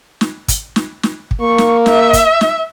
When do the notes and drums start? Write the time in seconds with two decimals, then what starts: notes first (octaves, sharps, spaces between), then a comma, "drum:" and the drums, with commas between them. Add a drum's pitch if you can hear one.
0.21 drum: snare
0.48 drum: kick, hi-hat
0.76 drum: snare
1.03 drum: snare
1.31 drum: kick
1.41 A#3 C#6
1.58 drum: snare
1.86 E5, drum: snare
2.13 drum: kick, hi-hat
2.41 drum: snare